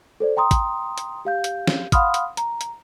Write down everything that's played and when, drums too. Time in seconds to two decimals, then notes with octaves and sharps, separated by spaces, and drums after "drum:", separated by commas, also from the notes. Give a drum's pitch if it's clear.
0.20 A4 C5 D5
0.37 G5 A#5 C6 D#6
0.51 drum: kick, hi-hat
0.98 drum: hi-hat
1.25 G4 F5 G6
1.44 drum: hi-hat
1.67 drum: snare
1.92 F5 F#5 B5 C6 D#6 F6, drum: kick, hi-hat
2.14 drum: hi-hat
2.37 A#5, drum: hi-hat
2.61 drum: hi-hat